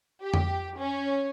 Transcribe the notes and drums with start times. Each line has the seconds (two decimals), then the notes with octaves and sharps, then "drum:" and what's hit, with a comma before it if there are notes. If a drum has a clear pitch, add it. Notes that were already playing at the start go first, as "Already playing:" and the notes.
0.22 G4
0.34 drum: tom F2
0.78 C#4